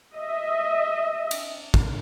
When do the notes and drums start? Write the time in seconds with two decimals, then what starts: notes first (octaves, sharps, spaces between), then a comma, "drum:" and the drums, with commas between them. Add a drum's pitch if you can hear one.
0.14 D#5 E5
1.31 drum: cymbal
1.74 drum: kick